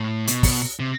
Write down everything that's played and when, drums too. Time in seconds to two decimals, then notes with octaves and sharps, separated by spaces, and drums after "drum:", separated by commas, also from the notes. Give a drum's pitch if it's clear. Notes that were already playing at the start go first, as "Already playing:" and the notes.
Already playing: A2
0.27 B2, drum: hi-hat
0.43 drum: kick, open hi-hat
0.80 C3